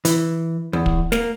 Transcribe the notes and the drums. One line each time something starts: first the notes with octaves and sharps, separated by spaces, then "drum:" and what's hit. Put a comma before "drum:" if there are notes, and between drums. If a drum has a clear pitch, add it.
E3, drum: hi-hat
E2
drum: kick
A#3, drum: snare